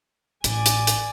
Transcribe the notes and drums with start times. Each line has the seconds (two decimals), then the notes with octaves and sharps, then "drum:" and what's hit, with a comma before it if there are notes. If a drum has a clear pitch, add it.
0.44 A1 D5 G#5, drum: hi-hat
0.66 drum: hi-hat
0.87 drum: hi-hat